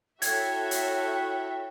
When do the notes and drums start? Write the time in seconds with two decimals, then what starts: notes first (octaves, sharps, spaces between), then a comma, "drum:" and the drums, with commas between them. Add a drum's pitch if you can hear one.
0.22 E4 F#4 A4 C#5 E5 G5 G#6, drum: hi-hat
0.71 drum: hi-hat